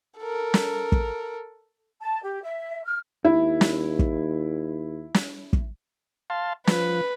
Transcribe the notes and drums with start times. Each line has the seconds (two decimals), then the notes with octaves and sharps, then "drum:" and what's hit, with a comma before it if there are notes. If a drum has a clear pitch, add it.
0.19 A4 A#4
0.54 drum: snare
0.92 drum: kick
1.99 A5
2.22 G4
2.42 E5
2.84 F6
3.25 D#2 E4
3.61 drum: snare
3.99 drum: kick
5.14 drum: snare
5.53 drum: kick
6.30 F5 A5 C6
6.67 F3 B4, drum: snare